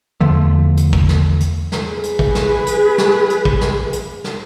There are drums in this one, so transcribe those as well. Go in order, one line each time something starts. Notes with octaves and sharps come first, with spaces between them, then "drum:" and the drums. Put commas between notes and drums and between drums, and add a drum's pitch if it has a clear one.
E2 D3 F3 A3
drum: hi-hat
drum: kick
drum: snare
drum: hi-hat
drum: snare
G#4 B4
drum: hi-hat
drum: kick
drum: snare
drum: hi-hat
drum: snare
drum: hi-hat
drum: kick
drum: snare
drum: hi-hat
drum: snare